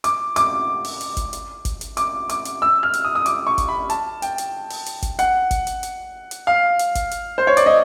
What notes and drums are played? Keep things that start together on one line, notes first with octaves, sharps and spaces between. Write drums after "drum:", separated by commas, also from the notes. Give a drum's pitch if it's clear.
D6, drum: hi-hat
D6, drum: hi-hat
drum: open hi-hat
drum: hi-hat
drum: kick G#1, hi-hat
drum: hi-hat
drum: kick G#1, hi-hat
drum: hi-hat
D6, drum: hi-hat
D6, drum: hi-hat
drum: hi-hat
E6
F6
drum: hi-hat
D#6
D#6
D6, drum: hi-hat
C#6
drum: kick G#1, hi-hat
B5
A5, drum: hi-hat
G5, drum: hi-hat
drum: hi-hat
drum: open hi-hat
drum: hi-hat
drum: kick G#1, hi-hat
F#5, drum: hi-hat
drum: kick G#1, hi-hat
drum: hi-hat
drum: hi-hat
drum: hi-hat
F5
drum: hi-hat
drum: kick G#1, hi-hat
drum: hi-hat
C5
C#5
D5, drum: hi-hat
D#5